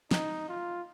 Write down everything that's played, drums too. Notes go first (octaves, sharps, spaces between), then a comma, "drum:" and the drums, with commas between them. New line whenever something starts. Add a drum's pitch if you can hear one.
D#4, drum: snare
F4